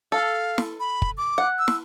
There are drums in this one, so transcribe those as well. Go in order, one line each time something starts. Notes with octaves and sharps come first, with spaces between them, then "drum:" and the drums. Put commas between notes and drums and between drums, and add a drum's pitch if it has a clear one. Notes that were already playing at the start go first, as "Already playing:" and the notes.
A4 F5
drum: snare
B5
drum: kick
D6
F#5
E6
drum: snare